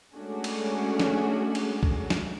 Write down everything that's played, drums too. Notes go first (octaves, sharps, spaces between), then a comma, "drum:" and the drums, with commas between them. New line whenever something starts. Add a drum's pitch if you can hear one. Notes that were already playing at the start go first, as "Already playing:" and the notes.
G#3 A3 C#4 D4 F#4 G#4
drum: cymbal
drum: snare
drum: cymbal
drum: kick
drum: snare